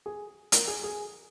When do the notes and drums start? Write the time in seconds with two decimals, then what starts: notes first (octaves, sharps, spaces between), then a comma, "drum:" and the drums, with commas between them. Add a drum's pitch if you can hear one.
0.06 G#4
0.52 A#4, drum: hi-hat
0.68 G#4
0.83 G#4